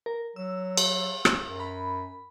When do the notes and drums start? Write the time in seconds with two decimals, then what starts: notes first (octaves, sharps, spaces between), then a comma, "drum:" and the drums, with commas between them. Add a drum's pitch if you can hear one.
0.06 A#4
0.36 F#3 E6
0.77 drum: cymbal
1.25 drum: rim click
1.42 F#2
1.60 B5